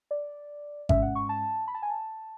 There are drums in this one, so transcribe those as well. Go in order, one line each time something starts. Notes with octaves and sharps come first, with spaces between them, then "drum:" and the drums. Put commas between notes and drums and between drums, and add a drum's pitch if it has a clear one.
D5
G#2 G#3 C#4 E5, drum: kick G#1
F#5
C#6
A5
B5
A5
G#5
A5